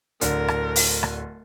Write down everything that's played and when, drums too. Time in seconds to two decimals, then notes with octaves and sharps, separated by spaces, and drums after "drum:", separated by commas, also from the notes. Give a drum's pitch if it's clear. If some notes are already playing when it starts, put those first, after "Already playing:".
0.21 D1 D3 A#4, drum: hi-hat
0.48 drum: rim click
0.76 drum: open hi-hat
1.03 drum: rim click